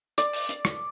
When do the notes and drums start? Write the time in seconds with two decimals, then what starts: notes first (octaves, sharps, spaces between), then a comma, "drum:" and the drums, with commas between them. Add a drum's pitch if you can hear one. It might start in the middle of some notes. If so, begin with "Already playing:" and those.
0.18 D5, drum: hi-hat
0.33 drum: open hi-hat
0.49 drum: hi-hat
0.65 drum: rim click